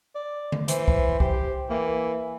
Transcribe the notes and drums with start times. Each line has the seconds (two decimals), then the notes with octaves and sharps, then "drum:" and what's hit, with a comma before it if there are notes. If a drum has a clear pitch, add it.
0.15 D5
0.52 drum: tom D3
0.68 E3 C5, drum: hi-hat
0.88 drum: kick
1.20 G4 C5, drum: kick
1.70 E3 A#3